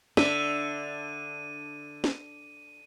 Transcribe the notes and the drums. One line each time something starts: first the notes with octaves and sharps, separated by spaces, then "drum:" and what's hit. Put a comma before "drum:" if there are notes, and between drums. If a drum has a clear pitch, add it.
D3 D4 E5 D#7, drum: snare
drum: snare